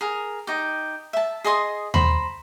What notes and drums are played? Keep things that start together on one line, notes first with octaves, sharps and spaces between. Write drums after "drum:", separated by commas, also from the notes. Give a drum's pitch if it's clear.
G#4 A#4
D#4 G4
E5 A5
G#4 D#5 C6 D#6
C5 A#5 B5, drum: tom D#2